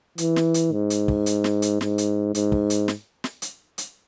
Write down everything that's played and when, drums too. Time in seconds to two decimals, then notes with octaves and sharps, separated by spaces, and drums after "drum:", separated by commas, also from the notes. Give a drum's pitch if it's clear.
0.18 E3, drum: hi-hat
0.36 drum: snare
0.54 drum: hi-hat
0.72 G#2
0.90 drum: hi-hat
1.08 drum: kick
1.26 drum: hi-hat
1.44 drum: snare
1.62 drum: hi-hat
1.81 G#2, drum: snare
1.98 drum: hi-hat
2.35 G#2, drum: hi-hat
2.52 drum: kick
2.70 drum: hi-hat
2.88 drum: snare
3.24 drum: snare
3.42 drum: hi-hat
3.78 drum: hi-hat